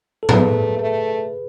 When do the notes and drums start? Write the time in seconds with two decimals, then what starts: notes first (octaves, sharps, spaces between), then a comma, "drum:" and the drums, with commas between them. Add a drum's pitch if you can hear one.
0.23 A4
0.29 A3 G#4 B4, drum: tom
0.79 A3